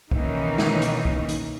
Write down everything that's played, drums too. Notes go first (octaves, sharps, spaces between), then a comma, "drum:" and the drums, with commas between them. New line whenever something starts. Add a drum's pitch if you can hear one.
B2 D#3 E3 A#3 C#4 D#4, drum: kick
drum: snare
drum: hi-hat
drum: kick
drum: hi-hat